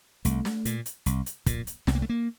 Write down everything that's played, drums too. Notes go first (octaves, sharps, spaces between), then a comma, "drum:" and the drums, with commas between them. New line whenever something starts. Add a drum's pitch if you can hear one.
C2 A3, drum: hi-hat
drum: snare
A#2, drum: hi-hat
drum: hi-hat
C2, drum: hi-hat
drum: hi-hat
A#2, drum: kick, hi-hat
drum: hi-hat
C2 C4, drum: snare
A#3
A3
A#3